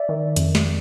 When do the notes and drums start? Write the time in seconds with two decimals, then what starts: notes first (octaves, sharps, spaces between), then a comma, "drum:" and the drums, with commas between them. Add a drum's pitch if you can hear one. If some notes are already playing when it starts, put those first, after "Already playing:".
Already playing: D5 E5
0.09 D#3
0.36 F2, drum: hi-hat
0.55 drum: snare